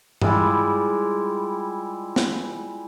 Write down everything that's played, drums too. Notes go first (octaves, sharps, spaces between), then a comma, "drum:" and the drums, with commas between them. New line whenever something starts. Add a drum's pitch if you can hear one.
G3 G#3 E4 F4, drum: tom G2
drum: snare